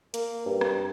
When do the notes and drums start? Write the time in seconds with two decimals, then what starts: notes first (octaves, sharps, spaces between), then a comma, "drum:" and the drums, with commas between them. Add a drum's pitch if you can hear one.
0.14 A#3, drum: hi-hat
0.46 G2
0.61 drum: rim click